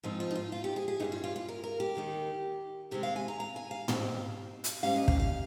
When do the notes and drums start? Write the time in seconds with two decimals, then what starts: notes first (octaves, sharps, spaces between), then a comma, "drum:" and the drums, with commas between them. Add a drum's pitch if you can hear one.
0.04 G#2 F3 C4 D#4 F4
0.20 F4
0.31 D#4
0.36 F4
0.52 F4
0.64 G4
0.76 G#4
0.88 G#4
1.00 G2 G3 C#4 D#4
1.12 F4
1.24 F4
1.36 F4
1.48 A#4
1.64 A#4
1.80 G4
1.95 D#2 D#3 A#3 D#4
2.91 C3 D#3 G#3 C4 G4
3.03 F5
3.16 G#5
3.28 A#5
3.40 A#5
3.56 G#5
3.71 F5
3.88 G#2 G3 C4 D#4, drum: tom
4.64 drum: hi-hat
4.83 G#2 G3 A#3 C#4 F5
4.96 D#5
5.08 F5, drum: kick
5.20 F5